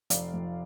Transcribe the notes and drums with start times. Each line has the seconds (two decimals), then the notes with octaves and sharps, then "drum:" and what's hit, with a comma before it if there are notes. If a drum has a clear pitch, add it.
0.10 F1 D5 F5, drum: hi-hat
0.34 F2